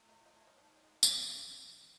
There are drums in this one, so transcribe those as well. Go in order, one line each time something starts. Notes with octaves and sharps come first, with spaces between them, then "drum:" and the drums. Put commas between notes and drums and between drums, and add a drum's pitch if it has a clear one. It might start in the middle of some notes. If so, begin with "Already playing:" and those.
Already playing: G#2
D#4 F4
D#4 F4
D4 E4
C#4 D#4
G2 D4
C#4
G3
G#3
A#3
B3, drum: tambourine
C4
F#2
F2
E2